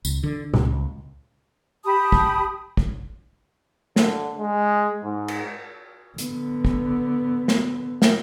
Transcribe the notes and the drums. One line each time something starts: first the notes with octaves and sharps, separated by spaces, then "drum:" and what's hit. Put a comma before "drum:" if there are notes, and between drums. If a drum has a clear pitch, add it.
C#2, drum: tambourine
D3
C#2, drum: tom A#2
G4 A5 B5 D#6
drum: kick
drum: kick
D3, drum: snare
G#3
G#2
drum: cymbal
D3 B3, drum: hi-hat
drum: kick
drum: snare
drum: snare